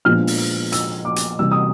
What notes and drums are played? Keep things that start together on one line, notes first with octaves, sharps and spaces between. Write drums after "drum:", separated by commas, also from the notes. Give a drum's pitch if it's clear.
A#2 F3 G#3 B3 D4 F6
drum: open hi-hat
E6, drum: hi-hat
D6
drum: hi-hat
C3 E3 G3 E6
D#6